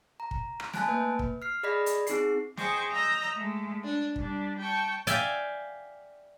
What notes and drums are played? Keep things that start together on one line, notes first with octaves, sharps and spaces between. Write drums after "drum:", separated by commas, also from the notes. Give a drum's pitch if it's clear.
A#5
drum: kick
drum: rim click
A3 G#5 A5 F#6 D7, drum: snare
A#3 B4
drum: kick
F6 C7
G#4 D5 D#5 B5 A#6 B6
drum: hi-hat
C4 D#4 G#4 C7, drum: hi-hat
G#4 C5 D#5 G5 C#6 D6, drum: snare
D#5 A#5 E6 G6 A#6
G#3 A3
D4
G3 D4, drum: kick
G5 A5 C#6
D5 E5 F5 G5 G#5, drum: hi-hat